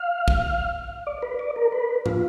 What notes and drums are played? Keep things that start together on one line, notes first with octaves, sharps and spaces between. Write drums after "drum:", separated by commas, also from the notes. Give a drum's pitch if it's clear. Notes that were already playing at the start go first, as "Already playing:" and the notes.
Already playing: F5
drum: kick
D5
B4
D5
A#4
B4
F4, drum: tom G#2